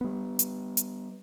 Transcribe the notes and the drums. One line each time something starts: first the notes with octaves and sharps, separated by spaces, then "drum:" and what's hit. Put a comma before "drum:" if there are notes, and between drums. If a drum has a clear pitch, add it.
G3 B3
drum: hi-hat
drum: hi-hat